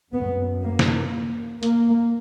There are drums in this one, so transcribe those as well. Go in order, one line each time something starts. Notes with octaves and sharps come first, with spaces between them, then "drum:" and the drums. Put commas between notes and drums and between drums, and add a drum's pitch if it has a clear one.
F#2 B3
A#3
drum: snare
A#3, drum: hi-hat